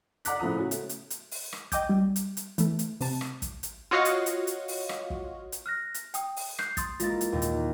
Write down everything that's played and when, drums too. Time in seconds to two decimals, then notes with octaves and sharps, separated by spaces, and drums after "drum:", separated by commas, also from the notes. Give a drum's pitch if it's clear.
0.25 D5 F#5 A#5 D6 F#6 B6, drum: hi-hat
0.39 A2 C#3 F3 A#5 D#6
0.58 C#4 F#4
0.71 A3, drum: hi-hat
0.89 drum: hi-hat
1.10 drum: hi-hat
1.31 drum: open hi-hat
1.53 drum: rim click
1.72 D#5 G5 D6 G6, drum: kick, hi-hat
1.89 G3
2.16 drum: hi-hat
2.37 drum: hi-hat
2.58 E3 A3, drum: hi-hat
2.79 drum: hi-hat
3.01 C3 A5, drum: open hi-hat
3.21 drum: rim click
3.42 drum: kick, hi-hat
3.63 drum: hi-hat
3.91 F4 F#4 C#5 D#5 F5 F#5
4.05 drum: hi-hat
4.26 drum: hi-hat
4.47 drum: hi-hat
4.68 drum: open hi-hat
4.89 drum: rim click
5.10 drum: kick
5.52 drum: hi-hat
5.66 F6 F#6 A#6
5.94 drum: hi-hat
6.14 G5 D#6, drum: hi-hat
6.36 drum: open hi-hat
6.59 F#6 G6 C7, drum: rim click
6.77 C6 D#6 A6, drum: kick, hi-hat
7.00 G#3 A#3 E4 F4 A6, drum: hi-hat
7.21 drum: hi-hat
7.32 D#2 A#2
7.42 drum: hi-hat